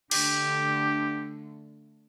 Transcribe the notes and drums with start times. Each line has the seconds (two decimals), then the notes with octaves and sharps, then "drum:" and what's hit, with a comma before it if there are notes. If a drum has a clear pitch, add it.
0.11 D3 A3 G4, drum: cymbal